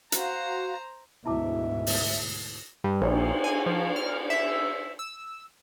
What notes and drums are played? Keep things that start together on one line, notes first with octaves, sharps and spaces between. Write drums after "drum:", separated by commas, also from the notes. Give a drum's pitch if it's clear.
F#4 C5 F5 A#5, drum: hi-hat
D2 G#2 B2 E4 E5 A5 D6
drum: open hi-hat
G2
A#1, drum: cymbal
G#5
F3
F6
E5
E6